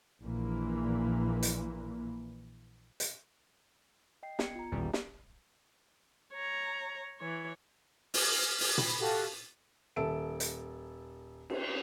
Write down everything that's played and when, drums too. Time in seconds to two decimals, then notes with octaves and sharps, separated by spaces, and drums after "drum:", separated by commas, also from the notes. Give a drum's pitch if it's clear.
0.22 A#1 A#2 E3 A#3
1.43 drum: hi-hat
3.00 drum: hi-hat
4.23 D#5 G5 C7
4.39 B3 G#6 C#7, drum: snare
4.55 F4 A#5
4.72 D#1 A1 E2 G3
4.93 drum: snare
6.34 C#5 A#5
7.19 E3 C#5
8.14 F6, drum: open hi-hat
8.61 drum: open hi-hat
8.78 B5, drum: tom A#2
9.00 F#4 G4 A4 F5 A5
9.96 D#1 A4 E5 D7
10.40 drum: hi-hat
11.50 drum: cymbal